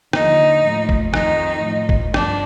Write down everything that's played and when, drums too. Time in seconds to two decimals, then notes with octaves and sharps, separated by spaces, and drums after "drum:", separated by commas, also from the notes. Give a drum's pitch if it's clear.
0.13 D#2 D3 F3 D#4, drum: rim click
0.64 A2 F3
0.89 drum: kick
1.14 F2 D#3 D#4, drum: rim click
1.63 A2 F3
1.89 drum: kick
2.14 G2 F3 D4, drum: rim click